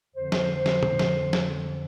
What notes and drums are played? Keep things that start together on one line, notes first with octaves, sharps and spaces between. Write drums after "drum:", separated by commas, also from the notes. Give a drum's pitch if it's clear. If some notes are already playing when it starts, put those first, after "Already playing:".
F2 D3 F3 C5
drum: snare
drum: snare
drum: tom
drum: snare
drum: snare